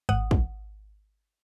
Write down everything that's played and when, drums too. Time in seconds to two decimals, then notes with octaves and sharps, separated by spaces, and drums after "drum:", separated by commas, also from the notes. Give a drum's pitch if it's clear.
0.09 G#1 F#5 D#6
0.31 drum: kick